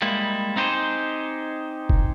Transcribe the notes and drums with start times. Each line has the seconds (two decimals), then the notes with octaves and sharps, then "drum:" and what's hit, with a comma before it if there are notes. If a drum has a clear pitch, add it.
0.02 G3 G#3 A#3 E4
0.56 C4 D#4 G4 G#4 C5
1.89 drum: kick F1